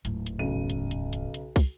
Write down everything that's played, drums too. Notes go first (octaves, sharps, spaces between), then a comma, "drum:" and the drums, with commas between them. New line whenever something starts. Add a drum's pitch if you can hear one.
D1 G#2, drum: hi-hat
drum: hi-hat
B1 C#3 D#7
drum: hi-hat
drum: hi-hat
drum: hi-hat
drum: hi-hat
drum: kick, open hi-hat